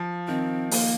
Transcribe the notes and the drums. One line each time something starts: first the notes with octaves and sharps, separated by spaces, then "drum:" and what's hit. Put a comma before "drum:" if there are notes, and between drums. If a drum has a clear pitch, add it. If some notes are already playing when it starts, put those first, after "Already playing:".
Already playing: F3
D#3 C4
A#3, drum: open hi-hat